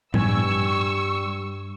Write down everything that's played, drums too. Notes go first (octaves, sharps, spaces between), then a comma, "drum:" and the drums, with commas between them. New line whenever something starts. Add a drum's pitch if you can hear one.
G2 G3 G#5 C#6 E6, drum: tom